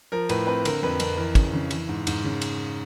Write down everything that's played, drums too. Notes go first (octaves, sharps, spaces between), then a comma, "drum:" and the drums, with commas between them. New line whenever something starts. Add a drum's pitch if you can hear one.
F3 A#4
A2 B4, drum: cymbal
C4 B4
D3 A#4, drum: cymbal
F2 B4
F2 A#4, drum: cymbal
E3 A#4
C#3, drum: kick, cymbal
C#3
E3, drum: cymbal
G#2
G#2, drum: cymbal
C#3
drum: cymbal